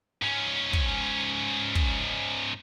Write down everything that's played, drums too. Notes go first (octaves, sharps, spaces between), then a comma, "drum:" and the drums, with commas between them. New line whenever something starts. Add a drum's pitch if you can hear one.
G#2 C#4
drum: kick
drum: kick